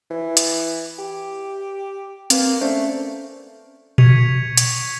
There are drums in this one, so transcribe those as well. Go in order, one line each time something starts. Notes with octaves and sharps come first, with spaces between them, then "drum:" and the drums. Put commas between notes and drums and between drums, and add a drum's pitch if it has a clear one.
E3
drum: hi-hat
G4
A#3 C4 A#4 B4, drum: hi-hat
A3 C#4 C5 D5
C#6 G#6 B6 C#7 D#7 F7, drum: tom A#2
drum: hi-hat